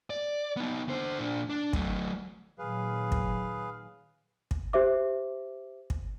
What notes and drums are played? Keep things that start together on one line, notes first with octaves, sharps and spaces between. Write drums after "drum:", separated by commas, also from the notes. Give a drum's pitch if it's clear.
D5
B3 D#4
D3 C5
A#2 D4
D4
F#3 A3, drum: kick
A#2 D#3 F#3 G#4 B4 F5
drum: kick
drum: kick
G4 C5 E5 D6
drum: kick